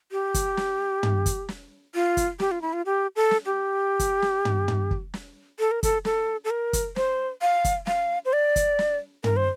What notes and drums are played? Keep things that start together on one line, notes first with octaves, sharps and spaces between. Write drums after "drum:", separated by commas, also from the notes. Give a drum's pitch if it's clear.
G4
drum: kick, hi-hat
drum: snare
drum: tom
drum: kick, hi-hat
drum: snare
F4
drum: kick, hi-hat
G4, drum: snare
F4
E4
F4
G4
A4
drum: snare
G4
drum: kick, hi-hat
drum: snare
drum: tom
drum: tom
drum: kick
drum: snare
A4
A#4
A4, drum: kick, hi-hat
A4, drum: snare
A4
A#4
drum: kick, hi-hat
C5, drum: snare
F5
drum: kick, hi-hat
F5, drum: snare
C5
D5
drum: kick, hi-hat
drum: snare
A#4, drum: tom
C5